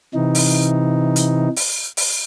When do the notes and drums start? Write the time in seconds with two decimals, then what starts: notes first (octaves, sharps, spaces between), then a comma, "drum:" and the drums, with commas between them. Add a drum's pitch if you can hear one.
0.14 C3 E3 D#4
0.35 drum: open hi-hat
1.16 drum: hi-hat
1.56 drum: open hi-hat
1.97 drum: open hi-hat